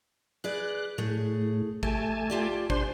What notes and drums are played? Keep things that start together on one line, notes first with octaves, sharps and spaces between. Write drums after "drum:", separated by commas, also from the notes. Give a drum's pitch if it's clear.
G#4 B4 D5 F#6
A2 A3 G#4
A3 G4 G#5 A5, drum: kick
F4 G4 D5
D4 C5 G#5 C6, drum: kick